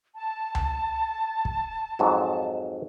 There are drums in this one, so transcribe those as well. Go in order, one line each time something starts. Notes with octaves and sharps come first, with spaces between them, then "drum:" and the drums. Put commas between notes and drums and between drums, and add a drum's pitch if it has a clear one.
A5
drum: tom C#2
drum: kick
F2 G#2 F#3